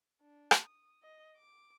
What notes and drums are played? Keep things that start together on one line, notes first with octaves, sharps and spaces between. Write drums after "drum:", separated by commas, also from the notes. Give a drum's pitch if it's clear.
D4
drum: rim click
D#6
D#5
D6